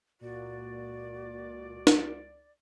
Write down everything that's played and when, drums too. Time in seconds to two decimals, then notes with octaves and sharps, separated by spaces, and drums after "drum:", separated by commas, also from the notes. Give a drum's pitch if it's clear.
0.21 C#2 A#2 F#4 D5
1.87 drum: snare